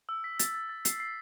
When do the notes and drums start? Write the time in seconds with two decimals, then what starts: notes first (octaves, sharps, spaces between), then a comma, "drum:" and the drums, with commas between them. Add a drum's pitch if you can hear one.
0.09 E6
0.24 B6
0.39 A6, drum: hi-hat
0.55 A6
0.69 A6
0.85 C7, drum: hi-hat
1.00 C7